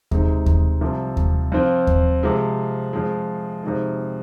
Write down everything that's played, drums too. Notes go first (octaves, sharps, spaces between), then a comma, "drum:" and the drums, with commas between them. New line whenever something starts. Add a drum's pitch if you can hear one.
C3 G#3 C4 D#4, drum: kick D#2
drum: kick D#2
C2 C3 F3 C4
drum: kick D#2
F2 F3 C4 F4
drum: kick D#2
C3 F3 G#3
F2 F3 G#3
F2 C3 D#3 G#3